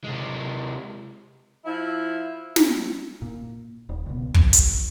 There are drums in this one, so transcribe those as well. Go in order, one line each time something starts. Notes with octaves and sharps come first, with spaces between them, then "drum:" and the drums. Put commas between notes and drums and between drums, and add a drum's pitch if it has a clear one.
C3 G#3
F3 E4
drum: snare
A#2
D#1
C#2 B2
C2 A2 F3, drum: kick
A1, drum: hi-hat